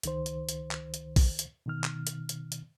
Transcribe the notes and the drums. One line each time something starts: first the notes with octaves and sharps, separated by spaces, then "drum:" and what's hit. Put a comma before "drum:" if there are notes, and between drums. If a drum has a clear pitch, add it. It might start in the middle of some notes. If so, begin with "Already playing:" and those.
C#2 D#3 C5, drum: hi-hat
drum: hi-hat
drum: hi-hat
drum: clap
drum: hi-hat
drum: kick A#1, open hi-hat
drum: hi-hat
B2 D#3 F6
drum: clap
drum: hi-hat
drum: hi-hat
drum: hi-hat